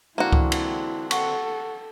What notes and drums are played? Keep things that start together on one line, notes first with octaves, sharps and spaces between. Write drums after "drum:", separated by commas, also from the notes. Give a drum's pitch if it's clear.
D3 G#3 A#3 C4 D4 E4 F#4
drum: kick C#2
drum: cymbal
A4 F#5 C#6, drum: cymbal